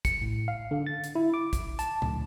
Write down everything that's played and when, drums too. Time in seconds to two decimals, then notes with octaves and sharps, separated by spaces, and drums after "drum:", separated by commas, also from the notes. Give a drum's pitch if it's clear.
0.05 C#7, drum: kick, hi-hat
0.22 A2
0.48 F5
0.71 D3
0.87 A6
1.04 drum: hi-hat
1.15 E4
1.34 D6
1.53 drum: kick, hi-hat
1.79 A5, drum: hi-hat
2.02 D2, drum: tom A#2